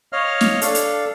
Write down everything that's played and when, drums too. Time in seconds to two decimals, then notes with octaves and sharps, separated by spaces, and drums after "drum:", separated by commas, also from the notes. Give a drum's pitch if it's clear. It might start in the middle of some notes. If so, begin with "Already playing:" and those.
0.13 C#5 D#5 F5 F6
0.41 drum: snare
0.62 D4 A4 F5, drum: hi-hat
0.75 drum: hi-hat